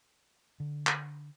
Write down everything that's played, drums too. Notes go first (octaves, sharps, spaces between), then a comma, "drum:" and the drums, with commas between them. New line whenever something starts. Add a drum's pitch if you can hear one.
D3
drum: clap